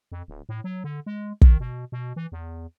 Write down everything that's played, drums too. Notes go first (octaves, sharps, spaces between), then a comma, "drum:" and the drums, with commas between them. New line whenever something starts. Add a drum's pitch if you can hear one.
F2
D1
A2
F#3
D3
G#3
D#3, drum: kick
B2
B2
E3
E2